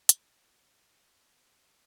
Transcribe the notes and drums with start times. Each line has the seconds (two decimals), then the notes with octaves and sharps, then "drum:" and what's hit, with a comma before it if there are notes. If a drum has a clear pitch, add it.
0.09 C4, drum: hi-hat
0.18 C#4
0.26 C4
0.44 B3
0.61 C4